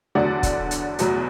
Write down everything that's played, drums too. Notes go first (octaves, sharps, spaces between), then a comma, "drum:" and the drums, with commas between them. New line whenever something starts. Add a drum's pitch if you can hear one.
E2 D3 F#3 D5 F#5
drum: kick, hi-hat
drum: hi-hat
E2 B2 F#3, drum: hi-hat